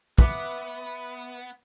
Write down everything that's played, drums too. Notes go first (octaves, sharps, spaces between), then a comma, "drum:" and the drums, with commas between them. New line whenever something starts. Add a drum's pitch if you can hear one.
B3 B4 E5 D6, drum: kick